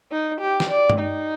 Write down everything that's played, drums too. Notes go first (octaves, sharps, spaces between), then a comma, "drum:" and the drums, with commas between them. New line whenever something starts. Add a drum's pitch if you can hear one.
D#4
G4
drum: snare
D5
drum: tom G2
D#4